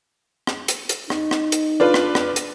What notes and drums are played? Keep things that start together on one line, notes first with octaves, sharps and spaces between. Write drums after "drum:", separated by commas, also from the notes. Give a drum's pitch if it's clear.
drum: rim click
drum: hi-hat
drum: hi-hat
D#4, drum: rim click
drum: rim click
drum: hi-hat
D4 F4 B4
drum: rim click
drum: rim click
drum: hi-hat